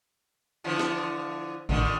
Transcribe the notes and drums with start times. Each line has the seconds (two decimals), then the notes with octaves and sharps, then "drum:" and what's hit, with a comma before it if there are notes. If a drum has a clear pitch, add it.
0.64 D3 E3 F3
0.79 drum: snare
1.69 A1 A#2 D3 D#3, drum: tom